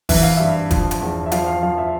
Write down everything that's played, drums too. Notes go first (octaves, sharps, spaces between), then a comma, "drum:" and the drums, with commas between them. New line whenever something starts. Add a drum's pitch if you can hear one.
E3 E5, drum: kick, open hi-hat
F5
G2 E5
F3, drum: kick, hi-hat
drum: hi-hat
E2
E5
F3 F5, drum: hi-hat
F5
F3 F5
E5